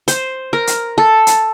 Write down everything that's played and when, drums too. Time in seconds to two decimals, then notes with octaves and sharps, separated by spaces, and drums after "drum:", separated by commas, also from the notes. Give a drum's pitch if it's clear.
0.08 C5, drum: hi-hat
0.53 A#4
0.67 drum: hi-hat
0.98 A4
1.27 drum: hi-hat